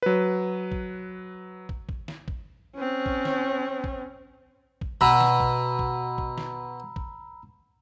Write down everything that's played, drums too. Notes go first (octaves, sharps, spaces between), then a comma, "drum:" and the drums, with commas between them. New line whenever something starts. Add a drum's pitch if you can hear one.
F#3 B4
drum: kick
drum: kick
drum: kick
drum: snare
drum: kick
C4 C#4
drum: kick
drum: snare
drum: kick
drum: kick
B2 A#5 B5 E6, drum: kick
drum: snare
drum: kick
drum: kick
drum: kick
drum: snare
drum: kick